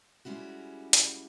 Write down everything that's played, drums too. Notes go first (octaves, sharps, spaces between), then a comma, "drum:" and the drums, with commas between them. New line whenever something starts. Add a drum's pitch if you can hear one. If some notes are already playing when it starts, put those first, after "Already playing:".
G3 G#3 C#4 E4 F#4
drum: hi-hat